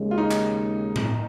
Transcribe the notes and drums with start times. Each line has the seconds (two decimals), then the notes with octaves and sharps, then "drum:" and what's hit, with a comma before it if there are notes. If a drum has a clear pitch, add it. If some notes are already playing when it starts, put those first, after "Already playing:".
Already playing: D#2 C#3 G#3
0.11 F4
0.18 D#4
0.31 drum: clap
0.96 drum: tom A2